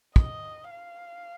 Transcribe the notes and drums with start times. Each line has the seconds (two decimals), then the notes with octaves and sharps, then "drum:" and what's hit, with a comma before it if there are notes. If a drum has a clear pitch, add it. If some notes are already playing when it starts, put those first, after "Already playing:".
0.16 D#5, drum: kick
0.70 F5